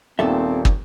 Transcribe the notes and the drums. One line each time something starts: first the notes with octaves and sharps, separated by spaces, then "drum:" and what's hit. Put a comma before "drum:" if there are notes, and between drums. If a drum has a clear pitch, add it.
D#1 D#2 A#2 B3 C4 A4 E5
drum: kick